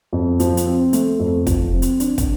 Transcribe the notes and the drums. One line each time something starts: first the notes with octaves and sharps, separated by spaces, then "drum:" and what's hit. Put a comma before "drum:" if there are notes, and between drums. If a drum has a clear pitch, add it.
F2
F3, drum: hi-hat
drum: hi-hat
C4
A3, drum: hi-hat
F2
F3, drum: kick, hi-hat
C4
drum: hi-hat
D4, drum: hi-hat
drum: kick, hi-hat